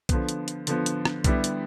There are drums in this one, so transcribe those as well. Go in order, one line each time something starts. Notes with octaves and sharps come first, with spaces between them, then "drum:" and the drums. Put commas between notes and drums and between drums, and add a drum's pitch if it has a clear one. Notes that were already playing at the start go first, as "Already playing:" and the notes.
D3 F3 B3, drum: kick B1, hi-hat
drum: hi-hat
drum: hi-hat
D3 F3 B3, drum: hi-hat
drum: hi-hat
drum: rim click
D3 G3 B3 E4 G4, drum: kick B1, hi-hat
drum: hi-hat